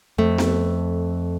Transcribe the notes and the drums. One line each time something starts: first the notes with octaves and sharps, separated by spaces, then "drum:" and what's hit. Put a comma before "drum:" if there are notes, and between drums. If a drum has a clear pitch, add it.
F2 A3
drum: snare B3